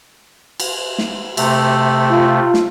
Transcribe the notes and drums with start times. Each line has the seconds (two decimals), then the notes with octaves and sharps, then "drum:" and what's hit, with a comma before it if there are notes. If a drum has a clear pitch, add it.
0.60 drum: cymbal
0.98 drum: snare
1.37 C3 A3, drum: cymbal
2.11 F4
2.54 drum: snare